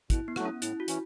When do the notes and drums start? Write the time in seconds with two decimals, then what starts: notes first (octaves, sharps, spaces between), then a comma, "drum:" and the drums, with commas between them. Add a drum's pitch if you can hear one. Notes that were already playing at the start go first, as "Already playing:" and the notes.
0.10 B2 E4, drum: kick, hi-hat
0.28 B3
0.36 F#3 A3 F#4, drum: rim click
0.45 C#4
0.62 A2 E4, drum: hi-hat
0.80 F#4
0.88 E3 C#4, drum: hi-hat